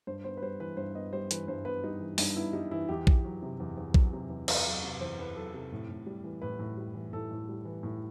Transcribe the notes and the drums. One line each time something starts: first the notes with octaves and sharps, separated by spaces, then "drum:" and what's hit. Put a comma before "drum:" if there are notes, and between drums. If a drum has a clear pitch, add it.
G2 C5
B3 C5
B4
G3 C5
E3 B4
G2 C5
B3 D#5
G3 C5
E3 B4, drum: hi-hat
G2 C5
B3 B4
G3 D#4
E3
G2 D#4, drum: open hi-hat
B3 E4
G3 D#4
E3 E4
E2 G4
E2, drum: kick A#1
F#3
C3
E2
E2
F#3, drum: kick A#1
C3
E2
E2, drum: cymbal
F#3
C3
E2 C5
E2 B4
F#3 A4
C3 A4
A2
A2
G3
E3
A2 B4
A2
G3
E3
A2 A4
A2
G3
E3
A2